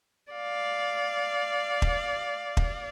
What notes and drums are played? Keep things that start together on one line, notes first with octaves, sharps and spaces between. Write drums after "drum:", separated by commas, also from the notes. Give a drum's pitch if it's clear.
D5 F5
drum: kick
drum: kick